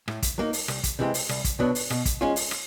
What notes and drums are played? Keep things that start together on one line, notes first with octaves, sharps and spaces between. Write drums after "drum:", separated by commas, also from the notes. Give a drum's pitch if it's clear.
A2, drum: rim click
drum: kick, hi-hat
F#3 A#3 D#4
drum: open hi-hat
C2, drum: rim click
drum: kick, hi-hat
C3 E3 G#3 C4
drum: open hi-hat
C2, drum: rim click
drum: kick, hi-hat
B2 F#3 B3 D4
drum: open hi-hat
B2, drum: rim click
drum: kick, hi-hat
G#3 C#4 F4
drum: open hi-hat
drum: rim click